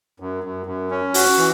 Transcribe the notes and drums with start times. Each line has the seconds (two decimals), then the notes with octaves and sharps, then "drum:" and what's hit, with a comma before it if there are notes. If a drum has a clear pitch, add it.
0.20 F#2
0.44 F#2
0.66 F#2
0.91 C#4
1.14 F#4, drum: open hi-hat
1.37 E3